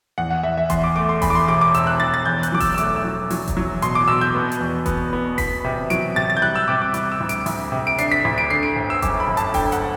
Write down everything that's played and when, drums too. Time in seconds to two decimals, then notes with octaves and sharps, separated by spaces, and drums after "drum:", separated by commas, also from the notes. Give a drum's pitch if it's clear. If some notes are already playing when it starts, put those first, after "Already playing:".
0.18 E2 F#5
0.31 F#5
0.43 E2 E5
0.57 E5
0.70 E2 C6, drum: kick E1, hi-hat
0.84 D6
0.96 A3 D6
1.09 C6
1.22 E2 B5, drum: kick E1, open hi-hat
1.30 D6
1.35 C6
1.48 E1 D6
1.61 D6
1.74 E1 E6, drum: hi-hat
1.87 F#6
2.00 E1 A6
2.14 A6
2.26 E2 G6
2.43 F#6, drum: hi-hat
2.52 F#3 D6
2.60 E6, drum: kick E1, open hi-hat
2.74 E6
2.78 A3 D6, drum: hi-hat
2.96 E6
3.04 F#3
3.30 F#3, drum: open hi-hat
3.48 drum: kick E1, hi-hat
3.57 F#3
3.82 B2 C6, drum: hi-hat
3.95 D6
4.08 B2 E6
4.21 G6
4.34 B3
4.52 drum: hi-hat
4.61 E2
4.86 B3, drum: kick E1, hi-hat
5.13 B3
5.38 B3 B6, drum: kick E1, open hi-hat
5.64 C3
5.90 F#3 D7, drum: hi-hat
6.16 C3 A6
6.30 A6
6.37 G6
6.42 G3 F#6
6.55 E6
6.68 C3 D6
6.82 D6
6.94 G3 D6, drum: hi-hat
7.12 E6
7.21 D2
7.29 D7, drum: hi-hat
7.46 D2, drum: open hi-hat
7.72 C3
7.87 D7
7.98 D4 C7, drum: hi-hat
8.12 B6
8.25 D2
8.38 D7
8.50 D3 C7
8.63 D7
8.76 G1
8.90 E6
9.02 F#2 D6, drum: kick E1, hi-hat
9.20 B5
9.28 G1
9.37 A5, drum: hi-hat
9.54 D3 G5, drum: kick E1, open hi-hat
9.72 F#5, drum: hi-hat